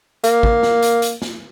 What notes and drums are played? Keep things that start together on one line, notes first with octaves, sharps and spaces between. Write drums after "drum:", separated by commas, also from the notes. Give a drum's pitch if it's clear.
A#3, drum: hi-hat
drum: kick
drum: snare
drum: hi-hat
drum: hi-hat
drum: snare